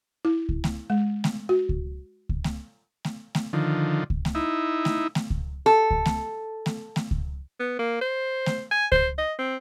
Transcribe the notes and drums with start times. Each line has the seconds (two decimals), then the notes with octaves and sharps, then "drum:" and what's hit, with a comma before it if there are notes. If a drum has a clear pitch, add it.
0.25 E4
0.49 drum: kick C#2
0.64 drum: snare A3
0.90 G#3
1.24 drum: snare A3
1.49 F#4
1.69 drum: kick C#2
2.29 drum: kick C#2
2.44 drum: snare A3
3.05 drum: snare A3
3.35 drum: snare A3
3.53 D3 D#3 F3
4.10 drum: kick C#2
4.25 drum: snare A3
4.35 D#4 E4
4.85 drum: snare A3
5.15 drum: snare A3
5.30 drum: kick C#2
5.66 A4
5.91 drum: kick C#2
6.06 drum: snare A3
6.66 drum: snare A3
6.96 drum: snare A3
7.11 drum: kick C#2
7.60 B3
7.79 A#3
8.01 C5
8.46 drum: snare A3
8.72 G#5
8.92 C5, drum: kick C#2
9.18 D#5
9.39 C4